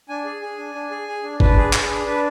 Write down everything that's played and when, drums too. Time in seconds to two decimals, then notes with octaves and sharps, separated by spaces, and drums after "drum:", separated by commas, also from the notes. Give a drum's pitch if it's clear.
0.09 D4 G#5
0.25 G#4
0.42 G#4
0.58 D4
0.75 D4
0.91 G#4
1.08 G#4
1.23 D4
1.40 D4 B4, drum: kick G1
1.57 G#4
1.73 G#4, drum: clap
1.90 D4
2.06 D4 B4